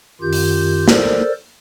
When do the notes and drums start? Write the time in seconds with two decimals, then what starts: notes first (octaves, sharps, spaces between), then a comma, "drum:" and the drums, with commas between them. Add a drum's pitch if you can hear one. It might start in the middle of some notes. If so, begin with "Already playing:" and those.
0.21 F#2 D#3 F4 G4 G6
0.33 drum: open hi-hat
0.88 A4 A#4 C5 D5, drum: snare